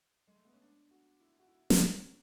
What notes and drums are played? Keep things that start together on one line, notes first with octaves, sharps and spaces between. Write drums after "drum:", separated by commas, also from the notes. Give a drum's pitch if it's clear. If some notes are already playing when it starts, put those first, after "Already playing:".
G#3
A3
B3
C#4
D4
F#4
E4
F#4
E4
D4, drum: snare
C#4